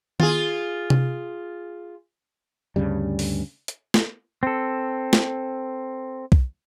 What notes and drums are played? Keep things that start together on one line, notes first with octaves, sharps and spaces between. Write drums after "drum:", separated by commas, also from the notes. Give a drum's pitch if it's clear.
F4 G#4, drum: tom D#3
drum: tom C3
D2 G2 C#3 G3
drum: open hi-hat
drum: hi-hat
drum: snare
C4 A4
drum: snare
drum: kick B1